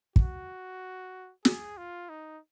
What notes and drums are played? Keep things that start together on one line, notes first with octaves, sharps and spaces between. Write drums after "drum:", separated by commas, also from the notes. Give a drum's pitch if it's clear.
F#4, drum: kick
G#4, drum: snare
F4
D#4